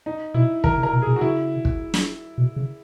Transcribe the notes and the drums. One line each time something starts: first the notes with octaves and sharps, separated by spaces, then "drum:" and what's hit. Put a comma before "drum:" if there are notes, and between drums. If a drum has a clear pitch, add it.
D#4
B2 E4
D#3 A#4, drum: kick
C#3
A#4
B2
G#4
B2
F#4
C#3 E4
drum: kick
drum: snare
B2
C#3